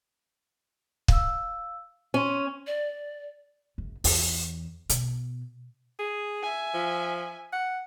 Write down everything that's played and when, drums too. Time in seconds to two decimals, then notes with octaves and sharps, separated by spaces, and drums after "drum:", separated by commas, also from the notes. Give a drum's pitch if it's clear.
1.08 F5 E6, drum: kick
2.14 C#4 C6 D#7
2.67 D5
3.78 F#1
4.04 E2, drum: open hi-hat
4.89 B2, drum: hi-hat
5.99 G#4
6.43 E5 G#5
6.74 F3
7.53 F#5